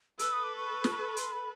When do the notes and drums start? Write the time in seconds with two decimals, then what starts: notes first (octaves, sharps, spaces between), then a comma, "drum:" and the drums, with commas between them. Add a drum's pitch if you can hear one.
0.19 A4 B4 E6, drum: hi-hat
0.32 D#6
0.43 D6
0.56 C#6
0.84 drum: snare
1.17 C6, drum: hi-hat
1.32 B5